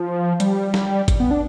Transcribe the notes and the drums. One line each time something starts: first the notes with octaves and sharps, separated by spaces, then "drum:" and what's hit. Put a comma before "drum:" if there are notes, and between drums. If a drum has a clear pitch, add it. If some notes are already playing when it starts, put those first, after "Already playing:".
Already playing: F3
G3, drum: hi-hat
drum: snare
drum: kick, hi-hat
B3
D4